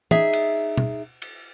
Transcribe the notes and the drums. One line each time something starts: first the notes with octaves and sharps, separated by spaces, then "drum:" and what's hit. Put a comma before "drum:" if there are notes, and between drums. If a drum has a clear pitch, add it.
D#4 G#4 E5, drum: tom
drum: cymbal
drum: tom B2
drum: cymbal